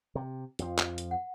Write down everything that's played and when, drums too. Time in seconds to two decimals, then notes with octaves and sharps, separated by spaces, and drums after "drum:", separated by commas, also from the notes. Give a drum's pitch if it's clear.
0.15 C3
0.59 F2 F3, drum: hi-hat
0.78 drum: clap
0.98 drum: hi-hat
1.11 F#5